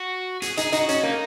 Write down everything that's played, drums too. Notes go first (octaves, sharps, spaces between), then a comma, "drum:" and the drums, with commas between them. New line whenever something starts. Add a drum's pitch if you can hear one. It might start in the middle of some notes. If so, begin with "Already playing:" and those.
Already playing: F#4
G#4, drum: hi-hat
D#4 G#4, drum: hi-hat
D#4 F#4, drum: hi-hat
C#4, drum: hi-hat
A#3 D#4